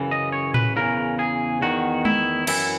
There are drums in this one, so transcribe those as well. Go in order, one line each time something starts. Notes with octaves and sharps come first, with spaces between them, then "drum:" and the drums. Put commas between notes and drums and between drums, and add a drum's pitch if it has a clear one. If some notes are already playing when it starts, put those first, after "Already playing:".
Already playing: F#2 C#3 E3
D#5
C#5
B4, drum: tom A2
E2 C#3 E3 A#4
G#4
E2 D#3 F#4
E4, drum: tom G#3
F#2 E3 E4, drum: cymbal